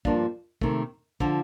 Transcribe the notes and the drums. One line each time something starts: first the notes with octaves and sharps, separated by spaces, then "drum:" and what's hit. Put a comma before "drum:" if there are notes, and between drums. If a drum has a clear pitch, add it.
G2 F3 A#3 D4 F4, drum: kick
C3 D#3 A3, drum: kick
D3 F3, drum: kick